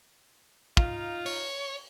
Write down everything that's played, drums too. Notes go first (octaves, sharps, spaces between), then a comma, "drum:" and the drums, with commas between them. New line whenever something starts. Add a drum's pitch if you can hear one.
D#4 F4, drum: kick
C#5, drum: open hi-hat